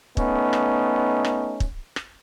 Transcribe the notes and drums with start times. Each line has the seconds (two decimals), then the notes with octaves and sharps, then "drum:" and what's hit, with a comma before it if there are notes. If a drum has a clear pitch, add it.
0.17 A3 B3 C#4 D#4, drum: kick
0.53 drum: rim click
1.25 drum: rim click
1.60 drum: kick
1.96 drum: rim click